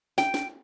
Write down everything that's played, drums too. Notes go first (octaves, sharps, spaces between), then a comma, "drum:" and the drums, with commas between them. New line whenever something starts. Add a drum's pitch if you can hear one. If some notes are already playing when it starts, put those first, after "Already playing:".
G5, drum: snare
drum: snare